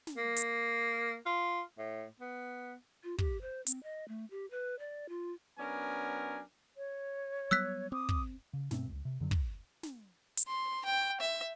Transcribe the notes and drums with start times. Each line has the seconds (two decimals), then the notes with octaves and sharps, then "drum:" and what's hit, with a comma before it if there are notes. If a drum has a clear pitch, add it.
0.07 drum: snare
0.17 A#3
0.36 drum: hi-hat
1.26 F4
1.78 A2
2.20 B3
3.04 F4
3.18 G4, drum: kick
3.41 C5
3.66 C4, drum: hi-hat
3.83 D#5
4.08 A3
4.31 G4
4.51 B4
4.79 D5
5.09 F4
5.58 F#3 B3 C#4 D4 A#4 G#5
6.77 C#5
7.51 F#3 G3 B3 E6 F#6 B6
7.92 C4 D6 D#6
8.09 drum: kick
8.53 C#3
8.71 G2 B2 A3 C4, drum: snare
8.88 D#1 C#2
9.05 C3
9.21 F#2 D3 F#3
9.31 drum: kick
9.83 drum: snare
10.37 drum: hi-hat
10.48 C6
10.85 G5
11.21 E5